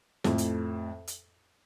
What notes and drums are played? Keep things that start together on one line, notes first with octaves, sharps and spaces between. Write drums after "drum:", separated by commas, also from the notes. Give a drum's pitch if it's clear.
F2 A2, drum: snare
drum: hi-hat
drum: hi-hat